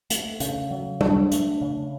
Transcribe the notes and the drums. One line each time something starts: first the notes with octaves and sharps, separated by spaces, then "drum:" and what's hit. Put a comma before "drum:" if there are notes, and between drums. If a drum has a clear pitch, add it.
A3, drum: hi-hat
C#3, drum: hi-hat
F#3
D4, drum: tom G3
A3, drum: hi-hat
C#3